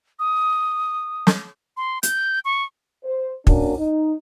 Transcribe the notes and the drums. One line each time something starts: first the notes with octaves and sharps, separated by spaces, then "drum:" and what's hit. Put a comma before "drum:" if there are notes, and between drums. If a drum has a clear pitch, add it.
D#6
drum: snare
C6
G6, drum: hi-hat
C#6
C5
A#3 C#4 D4 F#4 A#4, drum: kick
D#4